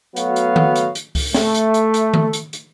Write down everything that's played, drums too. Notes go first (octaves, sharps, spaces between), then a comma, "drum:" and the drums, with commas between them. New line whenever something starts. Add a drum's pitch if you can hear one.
F#3 A3 B3 F#4 F5, drum: hi-hat
drum: hi-hat
drum: tom D#3
drum: hi-hat
drum: hi-hat
drum: kick C#2, open hi-hat
A3, drum: snare
drum: hi-hat
drum: hi-hat
drum: hi-hat
drum: tom D#3
drum: hi-hat
drum: hi-hat